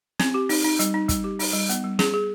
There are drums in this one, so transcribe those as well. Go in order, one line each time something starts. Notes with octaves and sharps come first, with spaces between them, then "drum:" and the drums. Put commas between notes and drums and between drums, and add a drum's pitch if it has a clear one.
C4, drum: snare
G4
D#4, drum: open hi-hat
D#4
G3, drum: hi-hat
D#4
G3, drum: kick, hi-hat
G4
D#4, drum: open hi-hat
G3
B3, drum: hi-hat
G3
G#4, drum: snare
G#4